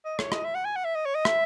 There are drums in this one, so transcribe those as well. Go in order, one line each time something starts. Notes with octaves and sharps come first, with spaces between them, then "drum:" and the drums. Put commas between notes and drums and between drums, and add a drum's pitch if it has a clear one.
D#5
C#5, drum: rim click
D#5, drum: rim click
E5
F#5
G#5
F#5
E5
D#5
C#5
D#5
E5, drum: rim click